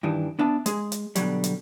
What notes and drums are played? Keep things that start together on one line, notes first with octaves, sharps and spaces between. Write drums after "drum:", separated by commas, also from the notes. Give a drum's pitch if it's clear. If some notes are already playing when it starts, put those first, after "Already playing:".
G2 D#3 E3 D4
B3 D4 E5 A5
G#3 G#4, drum: hi-hat
drum: hi-hat
B2 D3 D#3 F#3 G3, drum: hi-hat
drum: hi-hat